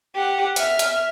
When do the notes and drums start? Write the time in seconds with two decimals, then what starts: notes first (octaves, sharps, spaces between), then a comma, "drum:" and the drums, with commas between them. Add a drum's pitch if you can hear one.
0.14 G4 F#5
0.56 E5 F6, drum: hi-hat
0.79 drum: hi-hat